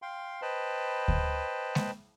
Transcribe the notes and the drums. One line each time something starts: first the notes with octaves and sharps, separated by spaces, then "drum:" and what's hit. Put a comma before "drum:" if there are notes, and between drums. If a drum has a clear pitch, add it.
F5 G5 C6
B4 C5 D#5 G5 A5 B5
drum: kick D2
drum: snare G#3